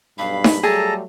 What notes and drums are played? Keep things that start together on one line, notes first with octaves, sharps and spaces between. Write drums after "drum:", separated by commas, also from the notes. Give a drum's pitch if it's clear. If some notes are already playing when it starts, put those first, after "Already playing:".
B1 G2 F5 B5
drum: snare D#4
F#3 G3 A3 G#4 A4 A5 A#5